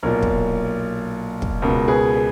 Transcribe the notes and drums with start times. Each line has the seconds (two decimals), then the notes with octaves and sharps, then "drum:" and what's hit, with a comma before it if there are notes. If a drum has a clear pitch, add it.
0.03 B1 A#2 A#4
0.23 drum: kick
1.42 drum: kick
1.62 C#2 B2 A#4
1.88 G#4 B4
2.15 G#4